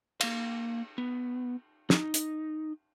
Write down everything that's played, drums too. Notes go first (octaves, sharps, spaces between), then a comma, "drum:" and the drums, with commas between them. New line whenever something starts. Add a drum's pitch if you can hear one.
A#3 F5, drum: cymbal
B3
D#4, drum: snare
drum: hi-hat